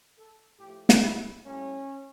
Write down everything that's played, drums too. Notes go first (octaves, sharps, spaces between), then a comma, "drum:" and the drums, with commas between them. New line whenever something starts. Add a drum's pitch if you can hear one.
A4
A2 F3 A3 G4
drum: snare
E4
A2 G3 A#3 C#4